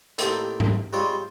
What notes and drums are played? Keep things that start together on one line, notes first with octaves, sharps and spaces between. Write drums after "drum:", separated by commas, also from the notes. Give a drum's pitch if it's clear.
A2 D#3 A#3 C4 G4 A4, drum: hi-hat
drum: tom G#2
G3 G#3 C4 F4 C5 C#5